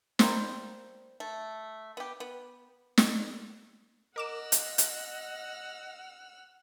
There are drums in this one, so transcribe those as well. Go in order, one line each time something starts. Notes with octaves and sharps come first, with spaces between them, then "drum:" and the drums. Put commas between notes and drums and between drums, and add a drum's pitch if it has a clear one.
G3 A#3 C5, drum: snare
A3
B3 G4
B3
drum: snare
A#4 D#5 F#5 D6 E6 F6 E7
drum: hi-hat
drum: hi-hat